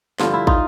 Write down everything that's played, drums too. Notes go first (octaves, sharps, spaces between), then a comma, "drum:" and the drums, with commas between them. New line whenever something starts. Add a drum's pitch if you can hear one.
G2 D3 F3 F4, drum: snare
E4
D#4 F4, drum: kick